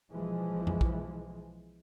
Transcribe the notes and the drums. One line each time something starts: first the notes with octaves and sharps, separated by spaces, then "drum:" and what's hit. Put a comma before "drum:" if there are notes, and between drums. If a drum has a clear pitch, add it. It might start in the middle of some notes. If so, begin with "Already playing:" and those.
B1 E3 F3 G#3
drum: tom F2
drum: kick